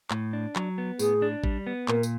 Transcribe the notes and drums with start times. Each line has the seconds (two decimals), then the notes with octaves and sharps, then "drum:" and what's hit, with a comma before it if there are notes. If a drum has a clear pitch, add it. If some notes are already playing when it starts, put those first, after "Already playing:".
0.11 A2, drum: clap
0.33 D4
0.56 F#3, drum: clap
0.78 B3
0.99 A2 G#4, drum: tambourine
1.22 D4
1.44 G3, drum: kick A1
1.67 B3
1.88 A#2 A#4, drum: clap
2.03 drum: tambourine